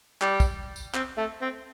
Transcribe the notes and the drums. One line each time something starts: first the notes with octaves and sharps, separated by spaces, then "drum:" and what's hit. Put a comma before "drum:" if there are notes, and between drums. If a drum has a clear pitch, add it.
G3, drum: clap
drum: kick, tambourine
drum: tambourine
C4, drum: clap
A3
C4